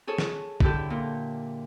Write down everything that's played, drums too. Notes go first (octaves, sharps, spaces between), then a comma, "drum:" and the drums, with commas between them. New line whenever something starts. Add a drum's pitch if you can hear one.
G#4 A4 C#5
drum: snare
D3 E4 G4 A4, drum: kick
A#2